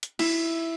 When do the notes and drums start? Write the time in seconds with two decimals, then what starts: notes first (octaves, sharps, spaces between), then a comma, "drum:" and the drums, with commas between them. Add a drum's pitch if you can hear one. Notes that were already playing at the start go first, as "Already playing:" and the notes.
0.03 drum: hi-hat
0.19 E4, drum: cymbal